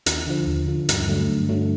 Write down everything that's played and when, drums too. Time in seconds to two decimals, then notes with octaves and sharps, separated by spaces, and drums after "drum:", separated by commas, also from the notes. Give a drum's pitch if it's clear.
0.06 D#2, drum: hi-hat
0.27 D3 F3
0.47 D#2
0.67 D3 F3
0.89 G2, drum: hi-hat
1.08 D3 F#3 A3
1.29 G2
1.49 D3 F#3 A3